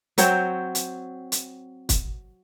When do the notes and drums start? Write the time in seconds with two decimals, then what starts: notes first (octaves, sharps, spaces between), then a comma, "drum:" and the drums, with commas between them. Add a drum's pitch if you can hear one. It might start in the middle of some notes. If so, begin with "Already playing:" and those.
0.18 F#3 C4 C#5 G5, drum: hi-hat
0.75 drum: hi-hat
1.32 drum: hi-hat
1.89 drum: kick, hi-hat